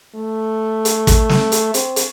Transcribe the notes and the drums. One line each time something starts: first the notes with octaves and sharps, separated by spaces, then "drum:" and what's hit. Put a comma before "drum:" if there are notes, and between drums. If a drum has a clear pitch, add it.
A3
drum: hi-hat
drum: kick, hi-hat
drum: snare
drum: hi-hat
C4, drum: hi-hat
drum: hi-hat